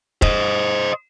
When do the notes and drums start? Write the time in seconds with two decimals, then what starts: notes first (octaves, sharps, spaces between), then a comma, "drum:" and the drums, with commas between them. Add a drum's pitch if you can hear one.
0.22 C5 D#5, drum: kick F1